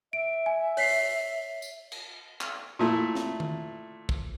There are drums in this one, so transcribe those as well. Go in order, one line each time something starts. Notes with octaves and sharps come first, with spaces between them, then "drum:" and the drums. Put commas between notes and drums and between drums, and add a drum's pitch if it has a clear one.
E5 D7
G#5
C#5 B6 C7, drum: open hi-hat
drum: tambourine
drum: cymbal
drum: clap
A#2 A3 E4
drum: snare C4
drum: tom D#3
drum: kick